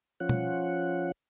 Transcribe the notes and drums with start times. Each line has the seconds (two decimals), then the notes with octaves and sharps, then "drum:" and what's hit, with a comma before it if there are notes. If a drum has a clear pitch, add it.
0.20 F3 C#4 F4 F#5
0.29 drum: tom B2